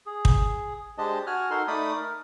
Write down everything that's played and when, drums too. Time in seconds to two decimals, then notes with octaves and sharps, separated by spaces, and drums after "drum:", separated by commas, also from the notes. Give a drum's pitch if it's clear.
0.06 G#4
0.25 drum: kick
0.98 G#3 D4 G4 C5 D#5 A5
1.27 F#4 G#5 F6 F#6
1.50 D#4 F#4 A4 A#4 C6
1.68 A3 D#4 D5 B5 D#6
1.97 A#4